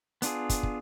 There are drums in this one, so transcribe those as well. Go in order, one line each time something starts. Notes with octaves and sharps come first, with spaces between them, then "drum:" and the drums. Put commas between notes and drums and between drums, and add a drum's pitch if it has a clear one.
B3 D4 F4 G#4, drum: hi-hat
drum: kick, hi-hat
drum: kick